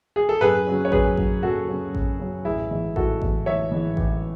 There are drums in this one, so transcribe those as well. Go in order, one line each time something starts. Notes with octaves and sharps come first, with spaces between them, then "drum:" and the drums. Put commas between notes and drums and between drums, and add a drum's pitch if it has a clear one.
G#4
A4
F#2 G#4 B4
C#3 F#3 C#4
C#5
F#2 G#4 B4, drum: kick A1
C#3 F#3 C#4, drum: kick A1
F#2 F#4 A4
C#3 F#3 C#4
F#2, drum: kick A1
C#3 F#3 C#4
A1 E4 G#4
G#2 E3
A1 F#4 A4, drum: kick A1
G#2 E3, drum: kick A1
A1 C#5 E5
G#2 E3
A1, drum: kick A1